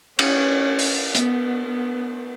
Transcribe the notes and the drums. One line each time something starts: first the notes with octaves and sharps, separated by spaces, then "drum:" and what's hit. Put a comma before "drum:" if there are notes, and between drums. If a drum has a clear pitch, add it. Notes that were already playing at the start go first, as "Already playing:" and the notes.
C#4, drum: cymbal
drum: open hi-hat
B3, drum: hi-hat
B3